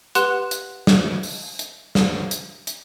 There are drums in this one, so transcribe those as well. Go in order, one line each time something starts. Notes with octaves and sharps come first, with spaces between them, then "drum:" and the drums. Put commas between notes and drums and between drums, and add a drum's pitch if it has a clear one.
G4 B4 F#5 C6 F#6 E7, drum: hi-hat
drum: hi-hat
drum: snare
drum: open hi-hat
drum: hi-hat
drum: snare
drum: hi-hat
drum: hi-hat